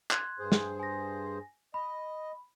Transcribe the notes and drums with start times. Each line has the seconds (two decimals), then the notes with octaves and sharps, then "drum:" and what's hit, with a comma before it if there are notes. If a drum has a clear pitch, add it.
0.11 C6 F#6 G#6, drum: clap
0.39 G2 G#4 C5
0.52 drum: snare
0.80 G#5 A#6
1.74 D#5 B5